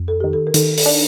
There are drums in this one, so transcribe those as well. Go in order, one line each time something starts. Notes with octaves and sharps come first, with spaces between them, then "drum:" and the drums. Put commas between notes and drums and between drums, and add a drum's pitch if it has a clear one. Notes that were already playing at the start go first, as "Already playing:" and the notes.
Already playing: F2
A4
D#3 G4
A4
A#4
D#3 A4, drum: hi-hat
A4, drum: open hi-hat
D4